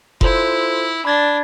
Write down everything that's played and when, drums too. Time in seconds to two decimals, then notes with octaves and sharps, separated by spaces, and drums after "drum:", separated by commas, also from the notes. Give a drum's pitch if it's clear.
0.21 E4 F4 A4 C5, drum: kick F1
1.05 D4 B5 G#6 A6